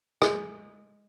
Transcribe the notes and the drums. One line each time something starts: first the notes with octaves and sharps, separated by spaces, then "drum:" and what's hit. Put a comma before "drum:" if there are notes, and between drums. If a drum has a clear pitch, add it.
G#3, drum: rim click